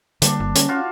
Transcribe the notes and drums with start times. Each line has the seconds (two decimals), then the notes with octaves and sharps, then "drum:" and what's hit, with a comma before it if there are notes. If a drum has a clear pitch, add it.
0.22 D3 G3 A#3 D4, drum: hi-hat
0.40 G1
0.55 C#4, drum: hi-hat
0.69 F4 F#4